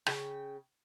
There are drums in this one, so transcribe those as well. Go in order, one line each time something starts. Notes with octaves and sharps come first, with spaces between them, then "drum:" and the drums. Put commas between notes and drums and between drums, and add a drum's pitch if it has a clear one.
C#3 G5, drum: rim click